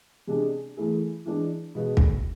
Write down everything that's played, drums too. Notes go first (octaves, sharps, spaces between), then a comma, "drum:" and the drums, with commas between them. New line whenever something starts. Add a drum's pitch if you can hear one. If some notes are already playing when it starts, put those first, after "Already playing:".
C3 G#3 D4 G#4
E3 A3 E4 G#4
E3 G#3 D4
B2 G#3 B3
drum: kick